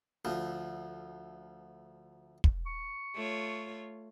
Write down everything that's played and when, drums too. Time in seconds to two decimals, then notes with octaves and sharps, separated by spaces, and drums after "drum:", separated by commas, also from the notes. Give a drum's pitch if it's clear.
0.25 D2 F3
2.44 drum: kick
2.66 C#6
3.15 A3 F4 C#5